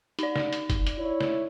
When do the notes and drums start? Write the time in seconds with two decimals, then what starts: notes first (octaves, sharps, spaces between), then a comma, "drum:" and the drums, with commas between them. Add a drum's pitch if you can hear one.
0.19 D#4 D5, drum: hi-hat
0.36 drum: snare
0.53 drum: hi-hat
0.70 drum: kick, hi-hat
0.87 drum: hi-hat
0.98 E4 C#5
1.21 drum: snare